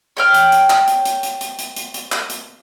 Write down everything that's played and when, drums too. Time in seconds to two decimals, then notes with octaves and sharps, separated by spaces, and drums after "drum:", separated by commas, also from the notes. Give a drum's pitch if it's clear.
0.17 C#5 G5 F6
0.34 drum: hi-hat
0.52 drum: hi-hat
0.70 drum: clap
0.88 drum: hi-hat
1.05 drum: hi-hat
1.23 drum: hi-hat
1.41 drum: hi-hat
1.59 drum: hi-hat
1.76 drum: hi-hat
1.94 drum: hi-hat
2.12 drum: clap
2.30 drum: hi-hat